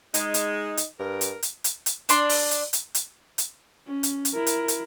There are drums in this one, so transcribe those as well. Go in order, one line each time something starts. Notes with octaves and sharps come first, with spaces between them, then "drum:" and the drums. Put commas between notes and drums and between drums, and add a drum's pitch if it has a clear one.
G#3 D#4, drum: hi-hat
drum: hi-hat
drum: hi-hat
G2 A#4
drum: hi-hat
drum: hi-hat
drum: hi-hat
drum: hi-hat
D4 D5 C6, drum: hi-hat
drum: open hi-hat
drum: hi-hat
drum: hi-hat
drum: hi-hat
drum: hi-hat
C#4
drum: hi-hat
drum: hi-hat
E4 A#4
drum: hi-hat
drum: hi-hat